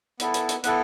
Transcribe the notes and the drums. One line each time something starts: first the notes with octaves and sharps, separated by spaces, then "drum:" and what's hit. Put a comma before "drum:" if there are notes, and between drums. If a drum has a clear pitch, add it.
B3 E4 A4, drum: hi-hat
drum: hi-hat
drum: hi-hat
B3 E4 A4 B4, drum: hi-hat